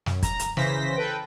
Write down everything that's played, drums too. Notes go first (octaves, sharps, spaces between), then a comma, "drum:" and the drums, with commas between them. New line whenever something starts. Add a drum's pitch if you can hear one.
F#2, drum: snare
A#5, drum: kick, hi-hat
drum: hi-hat
C#3 E3 C5 A#6 B6, drum: snare
A4 B4 G5